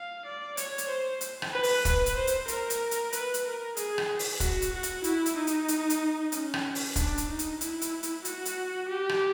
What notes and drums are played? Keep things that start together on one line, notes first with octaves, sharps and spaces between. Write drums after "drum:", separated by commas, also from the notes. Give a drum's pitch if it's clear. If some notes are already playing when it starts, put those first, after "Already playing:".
Already playing: F5
D5
C#5, drum: hi-hat
drum: hi-hat
C5
drum: hi-hat
drum: rim click
B4
drum: open hi-hat
B4, drum: kick, hi-hat
drum: hi-hat
C5
drum: hi-hat
A#4, drum: hi-hat
drum: hi-hat
drum: hi-hat
B4, drum: hi-hat
drum: hi-hat
A#4
G#4, drum: hi-hat
drum: rim click
drum: open hi-hat
F#4, drum: kick, hi-hat
drum: hi-hat
F#4
drum: hi-hat
E4, drum: hi-hat
drum: hi-hat
D#4
drum: hi-hat
drum: hi-hat
drum: hi-hat
C#4, drum: hi-hat
drum: rim click
drum: open hi-hat
D4, drum: kick, hi-hat
drum: hi-hat
D#4
drum: hi-hat
E4, drum: hi-hat
drum: hi-hat
drum: hi-hat
F#4, drum: hi-hat
drum: hi-hat
G4
drum: rim click